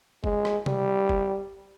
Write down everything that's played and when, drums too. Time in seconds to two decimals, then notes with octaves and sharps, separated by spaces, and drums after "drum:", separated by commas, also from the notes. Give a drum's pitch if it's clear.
0.24 G#3, drum: kick
0.45 drum: rim click
0.66 G3, drum: tom C3
1.09 drum: kick